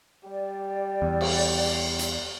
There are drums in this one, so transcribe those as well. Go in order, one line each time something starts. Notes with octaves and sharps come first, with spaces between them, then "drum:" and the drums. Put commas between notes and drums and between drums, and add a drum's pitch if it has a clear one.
G3 D5
E2
drum: cymbal
drum: hi-hat